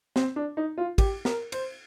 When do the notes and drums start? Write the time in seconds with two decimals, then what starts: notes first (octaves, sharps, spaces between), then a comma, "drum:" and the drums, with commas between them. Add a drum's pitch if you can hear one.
0.16 C4, drum: snare
0.36 D4
0.57 D#4
0.78 F4
0.98 G4, drum: kick, cymbal
1.25 A#4, drum: snare
1.52 C5, drum: cymbal